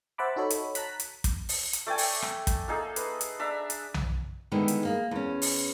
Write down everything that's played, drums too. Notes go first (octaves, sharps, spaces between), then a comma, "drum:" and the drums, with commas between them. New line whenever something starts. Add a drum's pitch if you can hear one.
C5 E5 F#5 A5 B5 D6
D#4 F#4 A4 C#5 B5
drum: hi-hat
A5 A#5 F#6 B6, drum: hi-hat
drum: hi-hat
drum: kick, hi-hat
drum: open hi-hat
drum: hi-hat
A3 D5 G5 G#5
drum: open hi-hat
drum: rim click
drum: kick, hi-hat
A#3 D#4 G#4 A4
B4, drum: hi-hat
drum: hi-hat
D4 E5 A#5
drum: hi-hat
drum: tom B1
D3 D#3 G3 G#3 B3 E4
drum: hi-hat
A#3 G#4
E2 C#4
drum: open hi-hat